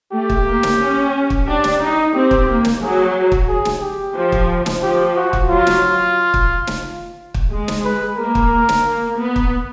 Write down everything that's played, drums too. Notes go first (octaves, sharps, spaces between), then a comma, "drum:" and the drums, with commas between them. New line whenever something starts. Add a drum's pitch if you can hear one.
A3 G4
drum: kick
A#3
drum: snare
C#4
drum: kick
D4 G4
drum: snare
D#4
C4 G4
drum: kick
A#3
drum: snare
F#3 G#4
drum: kick
G#4
drum: snare
G4
F3
drum: kick
drum: snare
F3 G4
F#4
drum: kick
F#3 F4
drum: snare
drum: kick
drum: snare
drum: kick
G#3
drum: snare
B4
A#3 A#4
drum: kick
drum: snare
A#3
B3
drum: kick